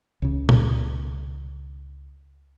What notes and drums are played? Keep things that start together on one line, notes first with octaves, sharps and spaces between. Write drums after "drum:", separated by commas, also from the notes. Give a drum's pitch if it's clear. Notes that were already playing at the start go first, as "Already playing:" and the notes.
C#2 C#3
drum: tom A#2